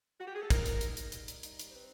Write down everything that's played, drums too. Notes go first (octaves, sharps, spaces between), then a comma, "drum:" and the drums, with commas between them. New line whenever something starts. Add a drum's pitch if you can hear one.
F#4
G4
G#4
A4
D#4 A#4, drum: kick, hi-hat
drum: hi-hat
D#4, drum: hi-hat
drum: hi-hat
G3, drum: hi-hat
drum: hi-hat
D#4, drum: hi-hat
drum: hi-hat
C5
C4 B4